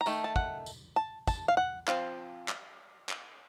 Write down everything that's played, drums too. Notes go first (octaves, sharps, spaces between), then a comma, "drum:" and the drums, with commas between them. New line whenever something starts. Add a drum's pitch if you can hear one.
A#5
D#3 A3, drum: tambourine
A5
F#5, drum: kick
drum: tambourine
A5
A5, drum: kick, tambourine
F5
F#5
F3 C4 F5, drum: clap
drum: clap
drum: clap